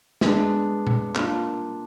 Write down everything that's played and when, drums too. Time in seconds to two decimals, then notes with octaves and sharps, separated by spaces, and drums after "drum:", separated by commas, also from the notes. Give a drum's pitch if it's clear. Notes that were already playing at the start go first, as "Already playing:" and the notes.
0.21 G#3 B3 D4, drum: snare
0.87 drum: tom A#2
1.16 A#3 D4 F4, drum: clap